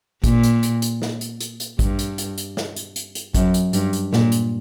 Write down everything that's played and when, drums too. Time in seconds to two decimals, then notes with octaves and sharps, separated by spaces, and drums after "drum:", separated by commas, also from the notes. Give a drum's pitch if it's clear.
0.24 A#2, drum: kick, hi-hat
0.43 drum: hi-hat
0.63 drum: hi-hat
0.82 drum: hi-hat
1.02 drum: snare
1.21 drum: hi-hat
1.40 drum: hi-hat
1.60 drum: hi-hat
1.79 G2, drum: kick, hi-hat
1.99 drum: hi-hat
2.18 drum: hi-hat
2.38 drum: hi-hat
2.57 drum: snare
2.76 drum: hi-hat
2.96 drum: hi-hat
3.15 drum: hi-hat
3.35 F#2, drum: kick, hi-hat
3.54 drum: hi-hat
3.73 G2, drum: hi-hat
3.93 drum: hi-hat
4.13 A#2, drum: snare
4.32 drum: hi-hat